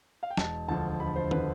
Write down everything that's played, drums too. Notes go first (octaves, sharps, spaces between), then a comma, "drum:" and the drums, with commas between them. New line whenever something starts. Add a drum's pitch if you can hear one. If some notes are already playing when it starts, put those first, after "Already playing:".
F5
G5
E1 A5, drum: snare
D2 D3 F3 A5
E1 B5
C5
D3 F3 B4, drum: tom